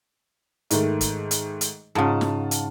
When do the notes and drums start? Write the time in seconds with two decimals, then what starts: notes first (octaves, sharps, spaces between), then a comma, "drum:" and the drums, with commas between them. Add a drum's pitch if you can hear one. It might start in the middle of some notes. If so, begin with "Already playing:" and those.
0.71 G#2 D#3 A3, drum: hi-hat
1.01 drum: kick, hi-hat
1.31 drum: hi-hat
1.61 drum: hi-hat
1.95 G#2 C#3 F4 F#5 A5
2.21 drum: snare
2.51 drum: hi-hat